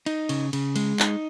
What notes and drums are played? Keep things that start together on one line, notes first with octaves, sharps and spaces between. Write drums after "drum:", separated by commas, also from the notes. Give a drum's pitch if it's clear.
D#4, drum: cymbal
C#3, drum: cymbal
C#3, drum: cymbal
G#3, drum: cymbal
D#4, drum: clap